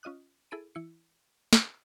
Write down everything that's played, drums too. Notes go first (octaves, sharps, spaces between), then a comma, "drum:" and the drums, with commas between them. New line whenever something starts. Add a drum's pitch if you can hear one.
C#4 F4 D#5 D#6 F#6
E4 G#4 A4 B5 D7 D#7
E3 E4 C#7
drum: snare